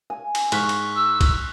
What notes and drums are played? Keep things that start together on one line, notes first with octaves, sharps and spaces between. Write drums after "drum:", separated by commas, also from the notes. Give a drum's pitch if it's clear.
G#5
drum: cymbal
G#2 C#6 F6 F#6 B6, drum: cymbal
drum: cymbal
E6
drum: kick B1, cymbal